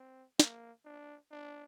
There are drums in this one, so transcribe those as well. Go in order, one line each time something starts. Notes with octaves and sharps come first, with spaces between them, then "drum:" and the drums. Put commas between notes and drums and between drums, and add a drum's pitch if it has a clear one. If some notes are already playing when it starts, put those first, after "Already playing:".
Already playing: C4
A#3, drum: snare
D4
D4